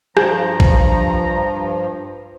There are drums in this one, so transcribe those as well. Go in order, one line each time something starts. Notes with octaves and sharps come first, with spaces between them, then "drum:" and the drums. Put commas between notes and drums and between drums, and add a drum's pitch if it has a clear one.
G2 F3 A#5, drum: rim click
drum: kick